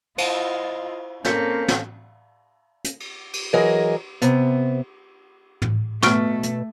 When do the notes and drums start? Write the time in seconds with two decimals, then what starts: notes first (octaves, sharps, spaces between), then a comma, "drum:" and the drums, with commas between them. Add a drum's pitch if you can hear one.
0.18 E4 F4 C5 D#5, drum: cymbal
1.25 A#3 C4 C#4 A4 F5 G6 B6 C#7, drum: snare
1.68 drum: snare
2.84 drum: hi-hat
3.00 drum: cymbal
3.33 drum: cymbal
3.53 E3 F#3 G#4 A#4 D#5
4.22 C3 B3, drum: hi-hat
5.62 drum: tom
6.03 B2 A3 C#6 F6 D7, drum: snare
6.43 drum: hi-hat